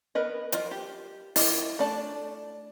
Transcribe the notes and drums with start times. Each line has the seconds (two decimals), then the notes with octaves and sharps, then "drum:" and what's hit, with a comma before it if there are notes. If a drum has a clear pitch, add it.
0.15 B3 A#4 B4 D#5
0.52 F4 A#4 C5 D#5, drum: hi-hat
0.71 G4
1.36 E4 F4 A#4 D#5, drum: open hi-hat
1.79 A3 D4 D5 A5